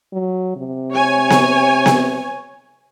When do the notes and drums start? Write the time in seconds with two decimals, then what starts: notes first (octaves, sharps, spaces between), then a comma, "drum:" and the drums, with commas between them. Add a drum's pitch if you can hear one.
0.13 F#3
0.56 C3
0.94 C#5 G#5
1.30 drum: snare B3
1.86 drum: snare B3